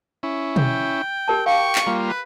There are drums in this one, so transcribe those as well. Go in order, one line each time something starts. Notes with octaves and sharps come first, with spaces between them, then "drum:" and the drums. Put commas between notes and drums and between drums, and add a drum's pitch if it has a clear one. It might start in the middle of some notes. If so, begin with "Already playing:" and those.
C#4 E4
G5, drum: tom B2
G4 A#4 A5
G4 F5 G5 C#6
drum: clap
G3 A#3 F4
B4